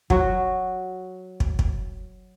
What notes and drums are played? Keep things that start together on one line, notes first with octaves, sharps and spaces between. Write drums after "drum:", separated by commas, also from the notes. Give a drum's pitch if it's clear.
F#3 F#4, drum: kick
drum: kick
drum: kick